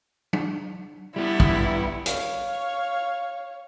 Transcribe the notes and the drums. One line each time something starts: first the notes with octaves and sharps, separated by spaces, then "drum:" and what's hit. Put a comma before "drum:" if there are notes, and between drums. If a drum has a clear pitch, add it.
drum: tom F#3
G3 B3 E4
drum: kick
C#5 F5, drum: hi-hat